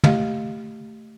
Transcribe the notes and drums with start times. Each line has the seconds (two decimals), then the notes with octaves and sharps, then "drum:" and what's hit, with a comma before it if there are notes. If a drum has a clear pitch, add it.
0.04 A3 G4 D#5 F5, drum: tom